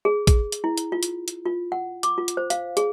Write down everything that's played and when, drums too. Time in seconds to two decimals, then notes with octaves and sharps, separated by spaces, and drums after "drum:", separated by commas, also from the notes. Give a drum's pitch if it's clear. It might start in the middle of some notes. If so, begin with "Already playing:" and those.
0.05 G#4
0.27 G#4, drum: kick A1, hi-hat
0.52 drum: hi-hat
0.64 E4
0.78 drum: hi-hat
0.92 F4
1.03 drum: hi-hat
1.28 drum: hi-hat
1.45 F4
1.72 F#5
2.03 D6, drum: hi-hat
2.18 F4
2.28 drum: hi-hat
2.37 C5
2.50 F5, drum: hi-hat
2.77 G#4, drum: hi-hat